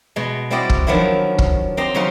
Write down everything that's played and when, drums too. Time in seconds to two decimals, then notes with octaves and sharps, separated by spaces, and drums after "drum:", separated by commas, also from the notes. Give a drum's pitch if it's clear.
0.16 B2 G#3
0.50 G3 C4 E4 F#4 D5 D#5
0.70 drum: kick
0.87 D#3 F3 F#3 B3 D4 E4
1.38 drum: kick
1.77 C4 G4 D#5 A#5 C6
1.94 C#3 F#3 C#4 D#4 F4 C5